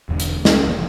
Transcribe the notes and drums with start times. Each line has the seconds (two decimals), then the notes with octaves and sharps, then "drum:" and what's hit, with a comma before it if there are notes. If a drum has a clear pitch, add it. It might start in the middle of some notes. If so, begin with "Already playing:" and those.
0.09 E1 E2 G#2 D3
0.20 drum: hi-hat
0.45 C#2 A3 C#4, drum: snare
0.66 F1 E3 A#3